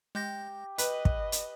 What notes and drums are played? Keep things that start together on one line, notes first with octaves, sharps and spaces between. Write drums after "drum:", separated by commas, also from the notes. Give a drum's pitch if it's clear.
G#3 G4 G6 A#6
B4 D#5, drum: hi-hat
drum: kick
drum: hi-hat